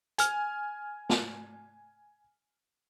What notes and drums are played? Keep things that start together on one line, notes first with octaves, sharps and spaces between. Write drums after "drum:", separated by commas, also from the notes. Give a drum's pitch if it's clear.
G#5 F6, drum: hi-hat
drum: snare